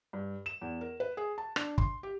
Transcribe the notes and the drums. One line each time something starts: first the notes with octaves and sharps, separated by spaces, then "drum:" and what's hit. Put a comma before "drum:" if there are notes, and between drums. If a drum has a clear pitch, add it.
G2
E7
E2
A#4
B4
G#4
A5
D4, drum: rim click
C6, drum: kick
G4